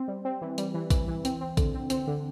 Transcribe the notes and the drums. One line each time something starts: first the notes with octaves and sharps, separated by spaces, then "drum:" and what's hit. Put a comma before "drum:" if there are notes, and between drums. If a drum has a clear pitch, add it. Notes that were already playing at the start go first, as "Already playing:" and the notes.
Already playing: C4
G3
C4
E3
G3, drum: hi-hat
E3
E3, drum: kick A#1, hi-hat
E3
C4, drum: hi-hat
C4
D3, drum: kick A#1, hi-hat
C4
C4, drum: hi-hat
D3